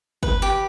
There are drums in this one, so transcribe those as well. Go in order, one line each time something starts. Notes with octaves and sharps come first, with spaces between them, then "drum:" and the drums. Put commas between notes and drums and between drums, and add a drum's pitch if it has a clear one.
B4, drum: kick
G4